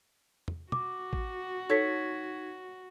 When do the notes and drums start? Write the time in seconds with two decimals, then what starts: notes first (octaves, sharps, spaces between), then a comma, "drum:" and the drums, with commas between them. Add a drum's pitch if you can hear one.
0.48 drum: tom
0.72 F#4 D6, drum: tom
1.13 drum: kick
1.69 D#4 A4 C#5 G#6 B6